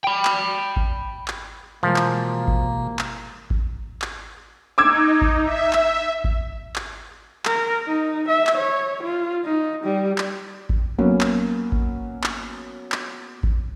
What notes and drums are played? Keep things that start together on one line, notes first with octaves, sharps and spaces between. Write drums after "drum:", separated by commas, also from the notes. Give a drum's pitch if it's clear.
G5 B5
drum: clap
drum: kick G#1
drum: clap
B2 E3 F3 G3 G#3 A#3
drum: clap
drum: kick G#1
drum: clap
drum: kick G#1
drum: clap
D#4 D6 E6 G#6
drum: kick G#1
E5
drum: clap
drum: kick G#1
drum: clap
A#4, drum: clap
D#4
E5
drum: clap
C#5
F4
D#4
G3
drum: clap
drum: kick G#1
F#3 A#3 B3 C#4
drum: clap
drum: kick G#1
drum: clap
drum: clap
drum: kick G#1